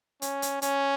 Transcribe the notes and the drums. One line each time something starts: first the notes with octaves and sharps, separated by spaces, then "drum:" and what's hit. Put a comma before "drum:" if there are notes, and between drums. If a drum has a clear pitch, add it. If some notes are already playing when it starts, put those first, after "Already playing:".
C#4, drum: hi-hat
drum: hi-hat
C#4, drum: hi-hat